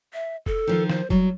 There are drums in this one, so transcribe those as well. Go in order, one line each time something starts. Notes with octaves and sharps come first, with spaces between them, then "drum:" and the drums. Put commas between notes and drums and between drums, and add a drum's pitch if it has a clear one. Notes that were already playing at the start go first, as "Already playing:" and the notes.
E5
A4, drum: kick F1
D#3 F3 F4
C5, drum: snare
F#3 G3, drum: kick F1